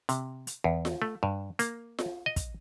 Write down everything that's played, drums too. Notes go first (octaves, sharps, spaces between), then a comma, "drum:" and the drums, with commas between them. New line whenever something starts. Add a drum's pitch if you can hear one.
C3, drum: hi-hat
drum: hi-hat
E2
drum: snare F4
A3
G2
A#3, drum: hi-hat
drum: snare F4
D#5
drum: kick, hi-hat